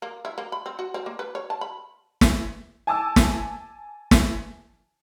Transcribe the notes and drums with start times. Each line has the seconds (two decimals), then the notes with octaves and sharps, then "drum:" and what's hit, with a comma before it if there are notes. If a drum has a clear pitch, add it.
0.02 A#3
0.25 E4
0.38 A#3
0.52 B5
0.66 C4
0.79 F#4
0.94 C4
1.06 A#3
1.19 B4
1.35 C#5
1.50 A5
1.61 B5
2.21 drum: snare
2.87 G#5 A5 D6 E6
3.16 drum: snare
4.11 drum: snare